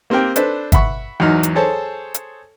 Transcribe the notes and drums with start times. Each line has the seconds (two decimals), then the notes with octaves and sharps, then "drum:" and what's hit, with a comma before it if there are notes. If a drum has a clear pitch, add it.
0.10 A#3 C4 G4 A#4 G5
0.36 D4 A4 B4 C5, drum: hi-hat
0.72 E5 F#5 B5 C#6, drum: kick, hi-hat
1.20 E2 G#2 F#3 D#4 F6
1.43 drum: hi-hat
1.55 G#4 A4 C5 C#5 A5
2.14 drum: hi-hat